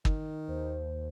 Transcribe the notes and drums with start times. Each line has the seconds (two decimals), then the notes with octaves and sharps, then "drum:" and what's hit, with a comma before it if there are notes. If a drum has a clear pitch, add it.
0.05 D#3, drum: kick
0.48 D#2 C5